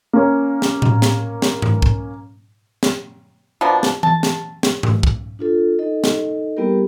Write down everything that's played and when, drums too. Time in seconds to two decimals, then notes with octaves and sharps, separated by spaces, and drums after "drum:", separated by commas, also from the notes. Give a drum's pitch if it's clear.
0.13 A#3 C#4
0.62 drum: snare
0.82 drum: tom A2
1.02 drum: snare
1.42 drum: snare
1.62 drum: tom G#2
1.82 drum: kick C2
2.83 drum: snare
3.61 B2 F3 A#3 D4
3.83 drum: snare
4.03 A5, drum: tom E3
4.23 drum: snare
4.63 drum: snare
4.83 drum: tom G#2
5.03 drum: kick C2
5.39 D4 F4 A4
5.79 D#4 A4 D#5
6.04 drum: snare
6.57 G3 A#3 B3 E4 G4 A#4